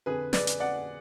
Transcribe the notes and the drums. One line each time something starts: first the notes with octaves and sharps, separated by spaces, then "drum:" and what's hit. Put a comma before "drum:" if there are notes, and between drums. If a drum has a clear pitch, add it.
F2 D3 G#4 B4
B4 D5, drum: snare
drum: hi-hat
D5 F#5